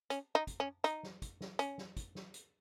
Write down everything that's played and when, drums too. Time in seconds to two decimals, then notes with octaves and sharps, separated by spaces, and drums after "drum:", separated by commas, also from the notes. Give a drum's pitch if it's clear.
0.10 C#4, drum: hi-hat
0.35 D#4
0.47 drum: kick, hi-hat
0.60 C#4
0.84 D#4, drum: hi-hat
1.03 drum: snare
1.22 drum: kick, hi-hat
1.41 drum: snare
1.59 C#4, drum: hi-hat
1.78 drum: snare
1.97 drum: kick, hi-hat
2.15 drum: snare
2.34 drum: hi-hat